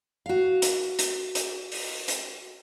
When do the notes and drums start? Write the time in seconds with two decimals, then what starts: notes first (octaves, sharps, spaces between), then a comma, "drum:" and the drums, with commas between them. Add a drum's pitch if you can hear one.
0.26 F#4 F5
0.62 drum: hi-hat
0.99 drum: hi-hat
1.35 drum: hi-hat
1.72 drum: open hi-hat
2.08 drum: hi-hat